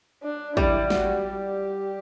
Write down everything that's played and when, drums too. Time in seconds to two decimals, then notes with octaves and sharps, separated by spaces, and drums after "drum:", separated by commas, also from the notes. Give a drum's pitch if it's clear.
0.23 D4
0.57 G3 E4, drum: kick
0.90 F#4, drum: snare
1.24 G4